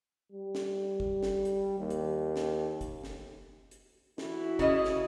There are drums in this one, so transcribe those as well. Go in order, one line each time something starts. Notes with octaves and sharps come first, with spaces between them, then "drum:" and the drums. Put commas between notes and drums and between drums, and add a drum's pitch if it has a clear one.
G3
drum: snare
drum: kick
drum: snare
drum: hi-hat
D#2
drum: hi-hat
drum: snare
drum: kick, hi-hat
drum: snare
drum: hi-hat
E3 E4 F#4, drum: snare
C#3 D#5, drum: kick, hi-hat
drum: snare